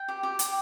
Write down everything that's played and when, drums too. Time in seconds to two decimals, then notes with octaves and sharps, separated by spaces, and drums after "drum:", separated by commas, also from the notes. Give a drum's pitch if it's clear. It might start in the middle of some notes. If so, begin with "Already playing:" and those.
Already playing: G5
0.08 G4
0.23 G4
0.39 G4, drum: hi-hat